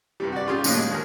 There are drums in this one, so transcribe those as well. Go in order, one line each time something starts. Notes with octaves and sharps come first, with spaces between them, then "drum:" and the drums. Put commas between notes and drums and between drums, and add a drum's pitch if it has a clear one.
G2 C3 G3
F#4 D5
C#3 F4 G4 G#4
A2 D#3 F3 A#3 D4, drum: tambourine
G#3
D#2 G#4 A#4